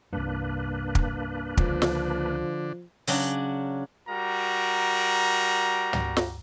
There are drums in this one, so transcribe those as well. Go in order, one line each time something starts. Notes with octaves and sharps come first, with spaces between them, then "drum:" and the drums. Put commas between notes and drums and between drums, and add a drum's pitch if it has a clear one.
C2 G2 A#3 D4 B4
drum: kick
C#2 D3 F3, drum: kick
drum: snare
C#3 F#3 D4, drum: open hi-hat
G3 F#4 A#4 A#5
drum: tom
drum: snare